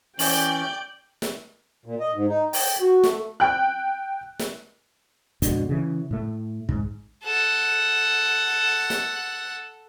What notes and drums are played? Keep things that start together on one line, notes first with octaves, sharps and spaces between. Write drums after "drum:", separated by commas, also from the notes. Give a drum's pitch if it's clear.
E3 C#4 D5 G5 G6 F#7, drum: open hi-hat
drum: snare
A#2
D#5
G#2
D#4
G5, drum: open hi-hat
F#4
A3, drum: snare
G5 F#6
drum: snare
F2 G#2 B2 D3, drum: hi-hat
C#3 E3
A2 A3
G#2, drum: kick
A4 F#5
drum: snare